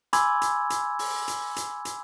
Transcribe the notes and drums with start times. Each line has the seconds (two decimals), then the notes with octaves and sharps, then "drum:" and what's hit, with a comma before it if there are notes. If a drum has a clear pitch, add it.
0.13 G#5 B5 C6 D6 E6 G#6, drum: hi-hat
0.42 drum: hi-hat
0.70 drum: hi-hat
0.99 drum: open hi-hat
1.28 drum: hi-hat
1.56 drum: hi-hat
1.85 drum: hi-hat